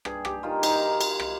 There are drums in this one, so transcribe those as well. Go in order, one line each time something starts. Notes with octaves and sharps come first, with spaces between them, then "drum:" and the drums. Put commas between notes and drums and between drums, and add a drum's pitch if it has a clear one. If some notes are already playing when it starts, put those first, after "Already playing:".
G2 G#4, drum: rim click
G4, drum: rim click
D#3 F4
D#4, drum: cymbal
drum: cymbal
drum: rim click